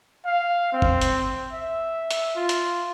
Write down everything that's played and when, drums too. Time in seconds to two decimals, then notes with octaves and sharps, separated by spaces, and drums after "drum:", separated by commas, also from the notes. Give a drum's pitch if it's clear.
0.26 F5
0.73 C4
0.82 drum: kick G1
1.01 drum: hi-hat
1.53 E5
2.11 drum: hi-hat
2.36 F4
2.49 drum: hi-hat